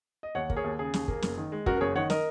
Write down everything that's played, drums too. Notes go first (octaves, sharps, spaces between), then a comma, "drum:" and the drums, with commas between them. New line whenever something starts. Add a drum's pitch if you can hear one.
D#5
D#2 C#5 F#5
A#3, drum: kick
G#4 C#5
D#2
C#3 G#4
D#2, drum: snare
A#3, drum: kick
F#1, drum: snare
D#3
G#3
F#2 F#4 A#4, drum: kick
A#4
F#1 G#4 C#5
D#3 C#5 F#5
A#4 D#5, drum: snare